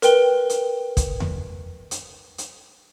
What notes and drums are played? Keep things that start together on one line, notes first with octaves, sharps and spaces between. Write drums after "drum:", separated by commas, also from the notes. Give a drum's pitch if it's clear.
A#4 B4 G5 G7, drum: hi-hat
drum: hi-hat
drum: kick, hi-hat
drum: tom E2
drum: hi-hat
drum: hi-hat